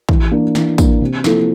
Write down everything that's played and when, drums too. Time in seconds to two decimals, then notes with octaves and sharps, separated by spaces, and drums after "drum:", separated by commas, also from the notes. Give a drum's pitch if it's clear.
0.09 E3, drum: kick
0.31 A#3 D4
0.55 E3, drum: snare
0.78 A#3 D4, drum: kick, tambourine
1.01 C3
1.24 F3 A#3 E4 A4, drum: snare